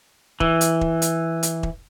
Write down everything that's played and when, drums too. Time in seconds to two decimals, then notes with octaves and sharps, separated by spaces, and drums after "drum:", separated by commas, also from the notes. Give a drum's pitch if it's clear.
0.40 E3, drum: kick E1
0.61 drum: hi-hat
0.81 drum: kick E1
1.02 drum: hi-hat
1.43 drum: hi-hat
1.63 drum: kick E1